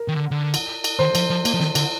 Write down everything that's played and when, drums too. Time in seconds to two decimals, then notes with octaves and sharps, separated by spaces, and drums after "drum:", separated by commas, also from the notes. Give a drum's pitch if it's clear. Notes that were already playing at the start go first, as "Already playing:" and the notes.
Already playing: A#4
0.08 D#3
0.16 D3
0.31 D3
0.54 drum: cymbal
0.84 drum: cymbal
0.99 D#3 C5
1.15 F3, drum: cymbal
1.30 F3
1.45 A#3, drum: cymbal
1.54 F3
1.60 D#3, drum: snare
1.75 D3, drum: cymbal